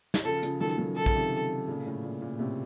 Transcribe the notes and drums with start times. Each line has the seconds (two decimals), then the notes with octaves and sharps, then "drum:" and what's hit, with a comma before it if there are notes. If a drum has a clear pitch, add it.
0.14 drum: snare
0.25 C#3 F3 A4
0.43 C#3 F3, drum: hi-hat
0.60 D#3 F#3 A4
0.78 D#3 F#3
0.96 D#3 A4
1.06 C#3, drum: kick
1.15 C3 D#3
1.67 A#2 C#3
1.86 A2
2.03 A#2
2.22 A#2
2.39 A2 C3